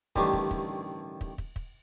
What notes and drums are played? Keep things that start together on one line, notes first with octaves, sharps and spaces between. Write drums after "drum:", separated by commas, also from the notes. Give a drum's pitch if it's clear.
A1 G2 D3 D#3 A3 G4, drum: kick
drum: kick
drum: kick
drum: kick
drum: kick
drum: kick